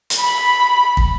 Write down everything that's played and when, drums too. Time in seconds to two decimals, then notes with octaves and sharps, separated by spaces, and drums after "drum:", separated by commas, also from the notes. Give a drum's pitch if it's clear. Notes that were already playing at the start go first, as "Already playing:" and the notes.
0.10 drum: hi-hat
0.20 B5
0.97 drum: kick